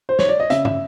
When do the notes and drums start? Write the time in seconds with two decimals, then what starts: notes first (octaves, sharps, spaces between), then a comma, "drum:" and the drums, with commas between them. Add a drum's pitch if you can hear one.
0.09 C5
0.19 C#5, drum: snare
0.29 D5
0.40 D#5
0.50 C#3 E5, drum: hi-hat
0.65 E5, drum: tom